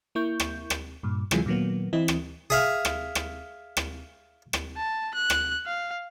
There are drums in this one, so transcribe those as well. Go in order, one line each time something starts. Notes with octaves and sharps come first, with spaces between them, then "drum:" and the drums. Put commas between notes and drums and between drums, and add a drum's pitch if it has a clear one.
A#3 E4 C#6 G6
drum: rim click
drum: rim click
G2 A#2
C3 E3 F#3 G#3 F4 G#4, drum: rim click
A#2 D#3 F#3 A#3 B3
E3 C4 E4 D#5
drum: rim click
G#4 E5 F5
drum: rim click
drum: rim click
drum: rim click
drum: rim click
A5
F#6
drum: rim click
F5